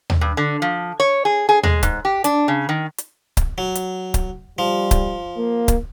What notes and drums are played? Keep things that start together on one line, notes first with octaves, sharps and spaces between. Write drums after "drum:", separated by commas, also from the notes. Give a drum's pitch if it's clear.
drum: tom D#2
G2
D3
F3
C#5
G#4
G#4
G#3, drum: tom D#2
G#2, drum: kick C#1, hi-hat
G4
D4, drum: hi-hat
C#3
D#3
drum: hi-hat
drum: kick C#1, hi-hat
F#3
drum: hi-hat
drum: kick C#1, hi-hat
F3 G3
drum: kick C#1, hi-hat
A#3
drum: kick C#1, hi-hat